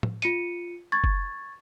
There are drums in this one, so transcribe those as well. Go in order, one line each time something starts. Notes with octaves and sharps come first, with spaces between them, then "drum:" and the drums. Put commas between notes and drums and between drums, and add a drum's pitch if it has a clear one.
drum: tom A2
F4 C#7 D#7, drum: hi-hat
C#6 G#6 A6
drum: kick